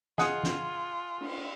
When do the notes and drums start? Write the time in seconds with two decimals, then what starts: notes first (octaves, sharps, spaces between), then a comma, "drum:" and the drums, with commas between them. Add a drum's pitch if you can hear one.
0.18 F4 G#4 D#5 F#5 G#5, drum: snare
0.43 drum: snare
1.20 drum: cymbal